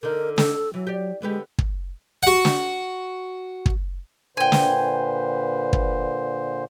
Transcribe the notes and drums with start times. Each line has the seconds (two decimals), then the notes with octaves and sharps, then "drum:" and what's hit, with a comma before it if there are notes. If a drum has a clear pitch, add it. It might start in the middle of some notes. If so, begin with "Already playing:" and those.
0.03 D3 D#4 A#4
0.38 A4, drum: snare
0.74 E3 F#3
0.87 G4 D5
1.22 D3 G#3 B3 G4
1.58 drum: kick
2.23 F#4 F#5
2.45 drum: snare
3.66 drum: kick
4.37 A#2 D3 B4 C5 G5 G#5
4.52 drum: snare
5.73 drum: kick